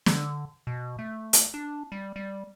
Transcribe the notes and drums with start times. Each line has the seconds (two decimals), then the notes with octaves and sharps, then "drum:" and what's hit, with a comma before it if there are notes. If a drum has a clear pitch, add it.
0.06 D3, drum: snare
0.67 B2
0.99 A3
1.33 drum: hi-hat
1.54 D4
1.92 G3
2.16 G3